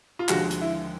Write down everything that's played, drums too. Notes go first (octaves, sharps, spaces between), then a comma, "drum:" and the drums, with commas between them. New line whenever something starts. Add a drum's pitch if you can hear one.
F4
D#2 D3 F3 G#3 F#4, drum: clap
drum: hi-hat
E4